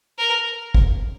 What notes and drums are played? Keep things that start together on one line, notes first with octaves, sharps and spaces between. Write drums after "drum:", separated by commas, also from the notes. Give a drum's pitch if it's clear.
A#4
drum: kick